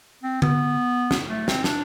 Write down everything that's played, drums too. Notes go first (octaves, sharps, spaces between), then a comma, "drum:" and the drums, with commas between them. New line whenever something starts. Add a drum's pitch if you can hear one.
C4
B3, drum: tom D3
drum: snare
A3
C4, drum: snare
D4, drum: snare